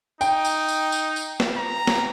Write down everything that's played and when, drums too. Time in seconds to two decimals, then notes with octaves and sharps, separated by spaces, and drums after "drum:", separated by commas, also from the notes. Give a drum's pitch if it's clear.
0.21 D#4 G5, drum: tambourine
0.45 drum: tambourine
0.68 drum: tambourine
0.92 drum: tambourine
1.16 drum: tambourine
1.40 drum: snare
1.57 A#5
1.87 drum: snare